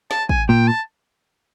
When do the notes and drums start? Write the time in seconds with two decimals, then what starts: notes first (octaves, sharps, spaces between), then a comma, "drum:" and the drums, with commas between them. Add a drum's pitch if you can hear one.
0.11 A5, drum: snare
0.29 G#5, drum: kick
0.49 A#2 G5
0.68 A5